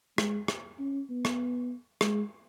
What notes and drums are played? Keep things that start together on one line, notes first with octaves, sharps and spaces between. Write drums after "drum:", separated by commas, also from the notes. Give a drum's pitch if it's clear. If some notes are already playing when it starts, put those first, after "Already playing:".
G#3, drum: rim click
drum: rim click
C#4
B3
drum: rim click
G#3, drum: rim click